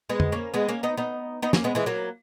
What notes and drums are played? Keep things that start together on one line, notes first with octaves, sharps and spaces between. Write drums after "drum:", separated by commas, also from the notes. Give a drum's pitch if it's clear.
G#3 B3
drum: tom
A#3 C#4
G#3 B3
A#3 C#4
B3 D#4
B3 D#4
B3 D#4
A#3 C#4, drum: snare
G#3 B3
E3 G#3
F#3 A#3